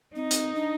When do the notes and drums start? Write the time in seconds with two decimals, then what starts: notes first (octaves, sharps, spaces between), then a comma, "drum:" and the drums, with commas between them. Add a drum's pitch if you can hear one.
0.15 C4 D#4
0.31 drum: hi-hat
0.55 D4